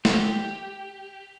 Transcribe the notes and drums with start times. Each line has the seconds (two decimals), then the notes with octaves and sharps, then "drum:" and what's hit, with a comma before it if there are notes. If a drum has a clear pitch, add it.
0.05 G4, drum: snare